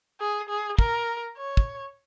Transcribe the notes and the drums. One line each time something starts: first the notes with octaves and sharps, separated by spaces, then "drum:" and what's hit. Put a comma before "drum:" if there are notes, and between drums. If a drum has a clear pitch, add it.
G#4
G#4
A#4, drum: kick
C#5
drum: kick